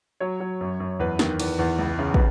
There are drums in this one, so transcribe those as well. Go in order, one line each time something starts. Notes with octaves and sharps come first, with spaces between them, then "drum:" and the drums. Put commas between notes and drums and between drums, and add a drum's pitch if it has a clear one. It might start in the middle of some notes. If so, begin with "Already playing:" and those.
F#3 C#5
F#3
F#2
F#2
E2 B4
D#3, drum: snare
E2, drum: cymbal
E2
C#2
C#3
B4, drum: kick